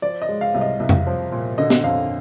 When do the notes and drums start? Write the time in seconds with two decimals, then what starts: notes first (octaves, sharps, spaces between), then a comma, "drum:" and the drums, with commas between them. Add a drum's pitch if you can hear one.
0.02 F3 D5
0.22 D#5
0.29 G#3
0.41 F5
0.55 C2
0.61 D#5
0.80 C2
0.89 drum: tom F2
1.07 F3
1.32 A#2
1.58 D3 D#5
1.70 drum: snare
1.84 F2 F5